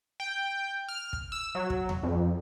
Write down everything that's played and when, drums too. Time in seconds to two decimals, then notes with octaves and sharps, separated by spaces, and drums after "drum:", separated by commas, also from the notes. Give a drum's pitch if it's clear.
0.20 G5
0.88 F6
1.13 drum: kick
1.32 E6
1.55 F#3
1.70 drum: kick
1.89 drum: tom D#2
2.03 F2